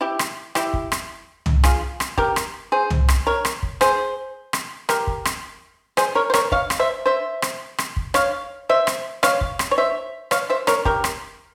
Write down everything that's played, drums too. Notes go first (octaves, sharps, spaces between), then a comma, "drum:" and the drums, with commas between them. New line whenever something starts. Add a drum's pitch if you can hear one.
E4 G4
drum: rim click
E4 G4, drum: rim click
drum: kick
drum: rim click
drum: tom
F4 G#4, drum: rim click
drum: rim click
G4 A#4, drum: kick
drum: rim click
G#4 C5
drum: tom
drum: rim click
A#4 C#5
drum: rim click
drum: kick
G#4 C5, drum: rim click
drum: rim click
G4 A#4, drum: rim click
drum: kick
drum: rim click
G#4 C5, drum: rim click
A#4 C#5
C5
A#4 C#5, drum: rim click
C#5 F5, drum: kick
drum: rim click
C5 E5
C5 E5
drum: rim click
drum: rim click
drum: kick
C#5 F5, drum: rim click
C5 E5
drum: rim click
C#5 F5, drum: rim click
drum: kick
drum: rim click
C#5
C5 E5
C#5 F5, drum: rim click
C5 E5
A#4 C#5, drum: rim click
G4 A#4, drum: kick
drum: rim click